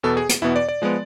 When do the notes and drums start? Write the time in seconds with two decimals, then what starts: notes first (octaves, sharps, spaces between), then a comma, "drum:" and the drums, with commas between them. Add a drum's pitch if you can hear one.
0.03 E2 B2 B3 A4
0.17 G#4
0.29 drum: hi-hat
0.42 E2 B2 B3 E4
0.56 D5
0.68 D5
0.82 F3 G#3 B3